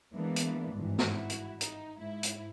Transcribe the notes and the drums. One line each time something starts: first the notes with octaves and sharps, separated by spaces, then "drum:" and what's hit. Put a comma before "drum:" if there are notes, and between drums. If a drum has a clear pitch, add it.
E3 G#3 A#3 B3 D4
drum: hi-hat
G#1 G2 E3
drum: snare
E4 F#4
drum: hi-hat
D#4, drum: hi-hat
G#2 E4
drum: hi-hat